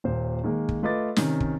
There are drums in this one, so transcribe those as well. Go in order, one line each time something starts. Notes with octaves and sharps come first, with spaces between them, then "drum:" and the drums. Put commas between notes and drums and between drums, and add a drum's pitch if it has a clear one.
D#1 A#2 C5
D#3 G#3 A#3
drum: kick
A3 F4 B4 D#5 D6 A6
C3 D#3 C#4, drum: snare
drum: kick